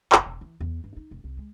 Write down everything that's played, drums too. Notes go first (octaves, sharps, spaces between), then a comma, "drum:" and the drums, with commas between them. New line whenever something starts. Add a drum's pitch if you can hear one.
F1, drum: clap
E1
E3
E2
G2
D#4
E1
C2
G#3